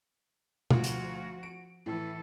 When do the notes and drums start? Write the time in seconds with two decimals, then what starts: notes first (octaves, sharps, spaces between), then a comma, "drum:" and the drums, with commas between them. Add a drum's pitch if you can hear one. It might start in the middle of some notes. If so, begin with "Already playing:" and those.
0.71 D2 F3 F4 F#4, drum: tom
0.84 drum: hi-hat
1.43 D7
1.86 A2 E3 A4